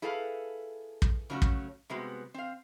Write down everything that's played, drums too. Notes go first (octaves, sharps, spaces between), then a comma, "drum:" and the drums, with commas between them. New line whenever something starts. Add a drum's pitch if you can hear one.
E4 G#4 A4 B4 F5 F#5
drum: kick
C#3 F#3 A3 C#4 F#4
drum: kick
C3 G3 G#3 B3 F#4
C4 F5